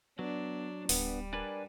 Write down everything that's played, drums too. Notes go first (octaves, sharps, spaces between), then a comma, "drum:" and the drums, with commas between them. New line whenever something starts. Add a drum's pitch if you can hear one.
F#3 B3 D4
D1 G3 B3 D4, drum: open hi-hat
D4 A#4 B4 D5 G#5